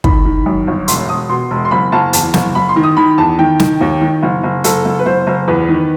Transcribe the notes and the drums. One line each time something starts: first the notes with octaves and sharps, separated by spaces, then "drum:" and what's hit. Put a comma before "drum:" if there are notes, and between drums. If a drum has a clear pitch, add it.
D#3 B5, drum: kick
D#3
F#2
G1
E1 C6, drum: hi-hat
E1 D#6
B2 C6
E1
C6
F#1 B5
F#1 A5
E2 A5, drum: hi-hat
F#1, drum: snare
F#1 B5
C6
D#3
D#6
D#3 B5
E2 A5
D#3 G5
D#3, drum: snare
D#2
D#3
F#1
F#1
F#1 A4, drum: hi-hat
F#1
B4
F#1 C5
F#1
E2 B4
D#3